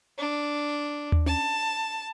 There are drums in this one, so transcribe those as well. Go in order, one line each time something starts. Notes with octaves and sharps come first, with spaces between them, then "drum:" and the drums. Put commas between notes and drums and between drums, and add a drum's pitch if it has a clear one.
D4
drum: tom
A5, drum: tom